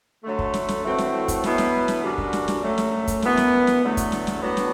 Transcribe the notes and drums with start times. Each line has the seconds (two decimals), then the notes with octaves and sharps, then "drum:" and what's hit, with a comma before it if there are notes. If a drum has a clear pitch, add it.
0.24 D3 F#3 A3
0.39 drum: kick
0.54 drum: snare
0.69 drum: snare
0.84 A2 E3 A3 C4 F#4
0.98 drum: snare
1.28 drum: kick, hi-hat
1.44 B2 F#3 B3 E4, drum: snare
1.58 drum: snare
1.88 drum: snare
2.03 F#2 D3 G3 D4 F#4
2.18 drum: kick
2.33 drum: snare
2.48 drum: snare
2.63 F#2 F#3 A3
2.78 drum: snare
3.07 drum: kick, hi-hat
3.22 F#2 E3 B3, drum: snare
3.37 drum: snare
3.67 drum: snare
3.82 E2 D3 F#3 A3
3.97 drum: kick, hi-hat
4.12 drum: snare
4.27 drum: snare
4.42 A2 F#3 B3 D4 F#4
4.57 drum: snare